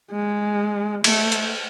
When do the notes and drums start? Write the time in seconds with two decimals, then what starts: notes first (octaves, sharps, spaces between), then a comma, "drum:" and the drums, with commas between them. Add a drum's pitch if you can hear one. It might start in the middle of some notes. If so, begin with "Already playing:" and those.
0.11 G#3
1.04 A3, drum: cymbal
1.32 drum: hi-hat